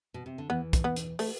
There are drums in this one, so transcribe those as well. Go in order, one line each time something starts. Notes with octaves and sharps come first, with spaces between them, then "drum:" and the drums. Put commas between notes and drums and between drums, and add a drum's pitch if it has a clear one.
B2
C3
D3
E2 E3 B3
drum: kick, hi-hat
B3
drum: hi-hat
A3, drum: open hi-hat